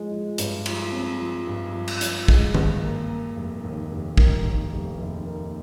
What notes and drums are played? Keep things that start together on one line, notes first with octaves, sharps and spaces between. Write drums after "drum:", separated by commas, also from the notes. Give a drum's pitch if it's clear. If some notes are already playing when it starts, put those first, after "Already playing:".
Already playing: F3 G#3
F3
G2, drum: hi-hat
F3, drum: cymbal
C4
F3
G2
F3
drum: cymbal
F3, drum: hi-hat
G#3, drum: kick
G2, drum: tom D#3
A#3
A#3
F1
D#2
F1
D#3, drum: kick
D#2
F1
F1
A#3